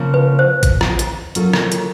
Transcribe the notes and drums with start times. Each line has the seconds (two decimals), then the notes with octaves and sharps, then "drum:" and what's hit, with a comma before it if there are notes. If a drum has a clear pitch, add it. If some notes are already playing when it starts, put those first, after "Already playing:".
Already playing: C#3 F3 A#3
0.14 B4
0.39 C5
0.63 drum: kick, hi-hat
0.81 drum: rim click
0.99 drum: hi-hat
1.35 F#3 A#3 C#4 F4 A4, drum: hi-hat
1.53 drum: rim click
1.72 drum: hi-hat